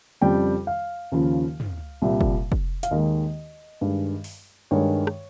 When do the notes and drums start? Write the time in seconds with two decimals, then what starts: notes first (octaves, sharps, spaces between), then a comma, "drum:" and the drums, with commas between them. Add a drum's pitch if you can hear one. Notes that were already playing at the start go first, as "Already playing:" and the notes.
0.21 F2 C#3 G3 G5
0.67 F5
1.12 D#2 C#3 F3
1.60 drum: tom
2.02 C2 A#2 G3
2.21 drum: kick
2.52 drum: kick
2.83 F5, drum: hi-hat
2.91 D#2 D#3 G#3 D#5
3.81 G2 D#3 G#3
4.24 drum: open hi-hat
4.71 G2 D#3 G#3 C#5
5.07 drum: rim click